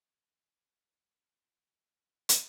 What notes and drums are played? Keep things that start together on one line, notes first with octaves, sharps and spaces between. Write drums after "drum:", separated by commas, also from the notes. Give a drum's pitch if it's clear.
E4 F4
drum: hi-hat